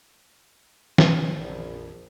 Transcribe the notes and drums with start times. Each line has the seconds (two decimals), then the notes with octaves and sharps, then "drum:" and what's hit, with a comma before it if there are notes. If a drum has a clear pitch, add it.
0.98 C4 C#4, drum: snare
1.37 A#1 F2